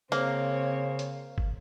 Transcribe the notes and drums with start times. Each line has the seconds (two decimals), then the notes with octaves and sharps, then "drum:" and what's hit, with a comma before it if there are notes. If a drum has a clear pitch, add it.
0.12 C#3 A#3 C4 C5 C#5, drum: hi-hat
0.99 drum: hi-hat
1.38 drum: kick